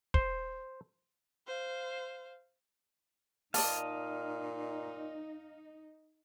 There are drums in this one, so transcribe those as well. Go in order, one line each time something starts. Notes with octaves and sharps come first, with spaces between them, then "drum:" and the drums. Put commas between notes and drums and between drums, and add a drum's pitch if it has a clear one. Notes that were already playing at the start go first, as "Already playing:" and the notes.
C5, drum: kick
C5 F5
A#2 D#4 D5 D#5 F5 A5, drum: open hi-hat